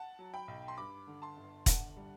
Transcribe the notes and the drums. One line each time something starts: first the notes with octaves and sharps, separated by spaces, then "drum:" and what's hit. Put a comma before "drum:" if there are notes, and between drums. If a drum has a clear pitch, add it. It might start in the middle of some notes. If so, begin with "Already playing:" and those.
Already playing: F#5 A5
F#3
G5 B5
B1
C6
G2 B5 D6
D3
A5 C6
G1
D3 F#5 A5, drum: kick E1, hi-hat
G3